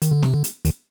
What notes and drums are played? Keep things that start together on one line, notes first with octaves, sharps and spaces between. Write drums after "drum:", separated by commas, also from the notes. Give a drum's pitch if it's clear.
D#3, drum: hi-hat
D3
C3, drum: snare
D3
drum: hi-hat
D#2 D#3, drum: hi-hat